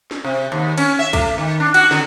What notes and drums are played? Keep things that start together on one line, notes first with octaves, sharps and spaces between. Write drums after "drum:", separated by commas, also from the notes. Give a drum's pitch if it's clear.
drum: snare
C3
D#2
C#4, drum: cymbal
E5
A3, drum: kick, cymbal
D#3
D4
F#4, drum: cymbal
D3, drum: snare